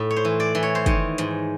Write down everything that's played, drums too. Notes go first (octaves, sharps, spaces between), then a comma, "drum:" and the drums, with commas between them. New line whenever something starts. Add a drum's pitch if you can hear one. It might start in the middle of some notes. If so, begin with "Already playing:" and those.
Already playing: A2
C#5
C5
E3
D5
E3
C#5
C5
D#3 C#5, drum: kick, hi-hat
G#2, drum: hi-hat